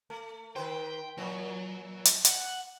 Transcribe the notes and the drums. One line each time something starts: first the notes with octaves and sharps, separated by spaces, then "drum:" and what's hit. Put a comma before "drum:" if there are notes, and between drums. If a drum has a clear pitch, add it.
A3
D#3 B4 C5 G5
A#2 E3 F#3
drum: hi-hat
F#5, drum: hi-hat